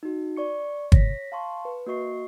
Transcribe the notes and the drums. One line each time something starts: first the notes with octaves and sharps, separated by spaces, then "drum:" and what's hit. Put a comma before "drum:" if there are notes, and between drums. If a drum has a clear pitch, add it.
D#4 F#4
D5 C#6 C#7
C#5 A#6 B6, drum: kick
F5 A5 C6 C#6
B4
A#3 F#4 D#5 C#6 C7